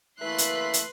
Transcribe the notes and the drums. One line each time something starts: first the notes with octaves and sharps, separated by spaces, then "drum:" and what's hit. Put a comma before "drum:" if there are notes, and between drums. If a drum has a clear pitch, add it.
E3 A3 A#3 B4 E5 C6 F#6
drum: hi-hat
drum: hi-hat